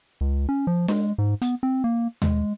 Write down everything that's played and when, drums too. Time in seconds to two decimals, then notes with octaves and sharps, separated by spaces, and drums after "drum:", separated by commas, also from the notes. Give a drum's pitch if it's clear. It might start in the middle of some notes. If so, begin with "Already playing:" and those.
0.21 C#2
0.49 C#4
0.67 F3
0.88 G#3, drum: snare D4
1.18 G#2
1.42 B3, drum: hi-hat
1.63 C4
1.84 A#3
2.22 G#3, drum: tom D#2